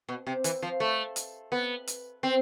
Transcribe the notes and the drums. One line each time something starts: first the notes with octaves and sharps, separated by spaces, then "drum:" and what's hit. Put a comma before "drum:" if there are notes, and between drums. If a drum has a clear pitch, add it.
B2
C3
E3, drum: hi-hat
F3
A3
drum: hi-hat
B3
drum: hi-hat
C4